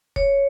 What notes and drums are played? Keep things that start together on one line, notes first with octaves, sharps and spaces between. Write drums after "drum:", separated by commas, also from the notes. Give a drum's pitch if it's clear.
C#5, drum: kick F1